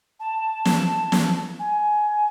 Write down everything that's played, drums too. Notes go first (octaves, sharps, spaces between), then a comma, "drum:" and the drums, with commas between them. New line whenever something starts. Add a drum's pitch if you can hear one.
A5
drum: snare
drum: snare
G#5